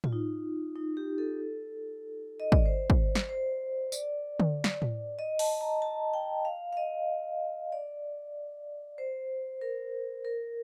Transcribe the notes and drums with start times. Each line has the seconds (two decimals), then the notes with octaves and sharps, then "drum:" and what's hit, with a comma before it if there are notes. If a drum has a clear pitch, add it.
0.04 F4, drum: tom A2
0.13 D#4
0.76 D#4
0.97 G4
1.18 A4
2.40 D#5
2.52 D5, drum: kick
2.66 C5
2.90 drum: kick
3.15 drum: snare
3.29 C5
3.92 D5, drum: tambourine
4.40 drum: tom D3
4.64 drum: snare
4.82 drum: tom A2
5.19 D#5
5.39 A5, drum: open hi-hat
5.61 A#5
5.82 A5
6.14 G5
6.45 F5
6.73 F5
6.77 D#5
7.72 D5
8.98 C5
9.61 A#4
10.25 A#4